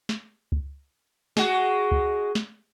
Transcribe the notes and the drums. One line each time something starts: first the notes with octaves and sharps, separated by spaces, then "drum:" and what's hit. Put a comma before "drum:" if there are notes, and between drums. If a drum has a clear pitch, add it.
drum: snare
drum: kick C#2
G#3 F#4, drum: snare
drum: kick C#2
drum: snare